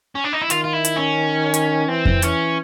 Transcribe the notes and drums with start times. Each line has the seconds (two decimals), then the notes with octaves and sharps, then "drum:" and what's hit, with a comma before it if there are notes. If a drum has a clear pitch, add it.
0.15 C#4
0.24 D4
0.33 D#4
0.41 E4
0.50 D#3 F4, drum: hi-hat
0.64 F4
0.73 E4
0.85 drum: hi-hat
0.96 C#4
1.54 drum: hi-hat
1.88 E3 C4
2.05 drum: kick F2
2.22 E3 C#4, drum: hi-hat